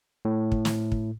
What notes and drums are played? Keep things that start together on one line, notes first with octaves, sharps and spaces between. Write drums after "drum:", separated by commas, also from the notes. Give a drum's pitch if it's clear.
A2
drum: kick
drum: snare
drum: kick